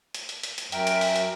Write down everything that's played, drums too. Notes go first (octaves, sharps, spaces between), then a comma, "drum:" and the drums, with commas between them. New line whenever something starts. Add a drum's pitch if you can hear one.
drum: hi-hat
drum: hi-hat
drum: hi-hat
drum: hi-hat
F#2 A#4 E5 G5, drum: hi-hat
drum: hi-hat
drum: open hi-hat
drum: hi-hat